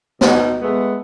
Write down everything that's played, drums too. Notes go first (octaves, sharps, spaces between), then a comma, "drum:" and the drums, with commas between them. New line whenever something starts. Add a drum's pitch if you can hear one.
B2 D#4, drum: snare
G#3 A3 B3